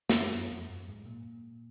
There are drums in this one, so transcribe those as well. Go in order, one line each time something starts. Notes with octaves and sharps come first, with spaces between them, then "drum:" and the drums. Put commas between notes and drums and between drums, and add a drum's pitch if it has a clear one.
F#2, drum: snare
F#2
F2
F#2
G#2
A#2